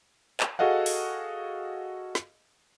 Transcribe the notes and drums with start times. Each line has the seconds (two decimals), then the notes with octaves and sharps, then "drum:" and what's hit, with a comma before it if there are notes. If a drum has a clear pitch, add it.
0.40 drum: clap
0.59 F#4 G#4 A4 D#5 F5 F#5
0.86 drum: open hi-hat
2.15 drum: snare